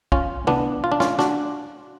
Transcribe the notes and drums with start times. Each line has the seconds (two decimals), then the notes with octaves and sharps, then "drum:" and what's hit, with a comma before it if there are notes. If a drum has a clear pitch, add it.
0.12 C#4 F4, drum: kick
0.47 B3 D4, drum: tom
0.84 F4
0.92 D4
1.00 C#4 F4, drum: snare
1.19 D4 F#4, drum: snare